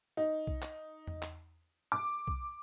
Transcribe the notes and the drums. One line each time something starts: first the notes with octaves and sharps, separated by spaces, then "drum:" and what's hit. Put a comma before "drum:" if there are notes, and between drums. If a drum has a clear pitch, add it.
D#4
drum: kick B1
drum: clap
drum: tom E2
drum: clap
D6
drum: kick B1